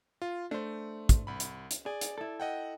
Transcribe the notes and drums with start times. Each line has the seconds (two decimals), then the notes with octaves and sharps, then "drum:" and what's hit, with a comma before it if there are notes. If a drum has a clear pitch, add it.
0.22 F4
0.51 A3 D4 C5
1.09 drum: kick, hi-hat
1.27 C2 B5
1.40 drum: hi-hat
1.71 drum: hi-hat
1.86 G#4 D5
2.01 drum: hi-hat
2.18 E4 A4
2.40 D#5 F#5 G5